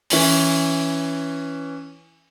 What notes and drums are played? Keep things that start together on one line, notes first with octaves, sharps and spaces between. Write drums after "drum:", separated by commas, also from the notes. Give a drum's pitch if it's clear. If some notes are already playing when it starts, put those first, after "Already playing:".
E3 C#4 F#7, drum: open hi-hat